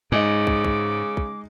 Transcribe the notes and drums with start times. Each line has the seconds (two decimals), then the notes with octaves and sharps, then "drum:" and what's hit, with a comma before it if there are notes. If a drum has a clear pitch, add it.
0.12 G#2 C#3 G#3 D#4 D6
0.47 drum: kick
0.64 drum: kick
1.17 drum: kick